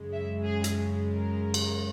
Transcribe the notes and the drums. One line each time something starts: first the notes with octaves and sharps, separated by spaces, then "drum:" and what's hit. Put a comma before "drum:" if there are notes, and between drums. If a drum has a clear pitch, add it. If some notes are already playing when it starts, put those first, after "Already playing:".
Already playing: F#2 C#3 G#3
E5
G#4
drum: hi-hat
A#4
drum: cymbal